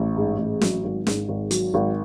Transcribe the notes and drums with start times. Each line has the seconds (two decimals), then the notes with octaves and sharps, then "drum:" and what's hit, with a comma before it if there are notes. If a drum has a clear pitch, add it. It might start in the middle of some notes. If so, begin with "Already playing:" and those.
Already playing: A1
0.17 G#2
0.39 A1
0.61 F#3, drum: snare
0.84 G#1
1.07 G#2, drum: snare
1.28 G#1
1.51 F#3, drum: hi-hat
1.74 G#1